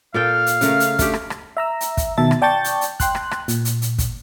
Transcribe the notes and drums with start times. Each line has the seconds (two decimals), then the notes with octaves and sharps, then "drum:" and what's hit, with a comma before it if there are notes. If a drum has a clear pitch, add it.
0.14 A#2 A4 F5 G5
0.46 drum: hi-hat
0.61 C#3 A3 A#4, drum: hi-hat
0.80 drum: hi-hat
0.99 A3 D4 G4, drum: kick, hi-hat
1.14 drum: rim click
1.30 drum: rim click
1.57 E5 A#5 E6
1.81 drum: hi-hat
1.97 drum: kick, hi-hat
2.18 B2 D#3 E5 A5 A6
2.31 drum: rim click
2.42 D5 G5 A5 C#6 G6 A6
2.64 drum: hi-hat
2.81 drum: hi-hat
3.00 G5 C6 F#6, drum: kick, hi-hat
3.15 drum: rim click
3.31 drum: rim click
3.48 A#2, drum: hi-hat
3.65 drum: hi-hat
3.82 drum: hi-hat
3.98 drum: kick, hi-hat